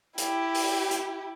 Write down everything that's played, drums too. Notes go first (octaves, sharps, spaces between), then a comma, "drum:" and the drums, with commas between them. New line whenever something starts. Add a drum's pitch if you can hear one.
E4 G4, drum: hi-hat
drum: open hi-hat
drum: hi-hat